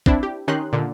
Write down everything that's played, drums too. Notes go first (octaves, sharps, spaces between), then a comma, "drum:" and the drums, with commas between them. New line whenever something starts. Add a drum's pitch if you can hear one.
C4 D4 E4, drum: kick
G4
D#3 C#4 D#4 G4 C6 F#6
A#2 D3